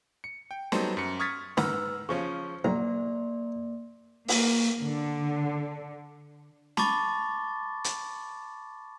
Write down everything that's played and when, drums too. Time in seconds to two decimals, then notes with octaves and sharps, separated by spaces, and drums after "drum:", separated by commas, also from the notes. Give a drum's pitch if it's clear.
0.24 C#7
0.51 G5
0.72 F#3 G3 B3 D#4 A4 C5, drum: snare
0.97 F#2 C#7
1.20 C#6 D#6 F6 G#6 A6 B6
1.57 G#2 D#3 B3 B4 E6 F6, drum: snare
2.09 C#3 F3 C#4 C#6
2.65 B1 A#3 D5 A#5
4.28 A#3, drum: open hi-hat
4.82 D3
6.77 A5 B5 C#6 D6 A6, drum: snare
7.84 drum: hi-hat